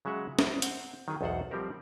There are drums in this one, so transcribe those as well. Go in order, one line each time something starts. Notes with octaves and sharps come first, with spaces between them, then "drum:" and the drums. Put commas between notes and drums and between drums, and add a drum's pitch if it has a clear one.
C#3 F#3 G#3 E5 F#5
G3 C4 D4 E4 B4 C5, drum: snare
C4 C5 F#5, drum: hi-hat
D#3 F#3 G#4
B1 E2 A4 C5 F#5
F3 G3 C4 G4 A#4 C5